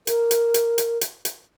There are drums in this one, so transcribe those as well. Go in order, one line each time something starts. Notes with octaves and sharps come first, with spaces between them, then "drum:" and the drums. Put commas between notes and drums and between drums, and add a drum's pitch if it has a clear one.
A#4, drum: hi-hat
drum: hi-hat
drum: hi-hat
drum: hi-hat
drum: hi-hat
drum: hi-hat